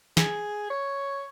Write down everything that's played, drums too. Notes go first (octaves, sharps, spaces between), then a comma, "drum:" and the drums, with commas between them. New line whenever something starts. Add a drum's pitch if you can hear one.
G#4, drum: snare
C#5